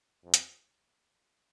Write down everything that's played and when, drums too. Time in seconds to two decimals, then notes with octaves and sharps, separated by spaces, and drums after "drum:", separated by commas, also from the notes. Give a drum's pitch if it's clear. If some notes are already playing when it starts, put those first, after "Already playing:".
0.24 F2
0.34 drum: hi-hat